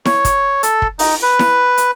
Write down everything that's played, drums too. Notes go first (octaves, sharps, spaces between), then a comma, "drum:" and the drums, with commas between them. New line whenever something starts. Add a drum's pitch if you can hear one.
C#5, drum: snare E4
drum: kick, hi-hat
A4, drum: hi-hat
drum: kick
D#4, drum: open hi-hat
B4
drum: snare E4
drum: hi-hat